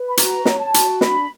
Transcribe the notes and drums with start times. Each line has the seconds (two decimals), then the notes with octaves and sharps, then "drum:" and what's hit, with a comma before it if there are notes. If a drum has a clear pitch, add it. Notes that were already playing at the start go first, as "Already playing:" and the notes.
Already playing: B4
0.09 B5
0.17 F#4 A#5, drum: hi-hat
0.45 C#5, drum: snare
0.59 A5
0.74 F#4, drum: hi-hat
1.01 D4 B5, drum: snare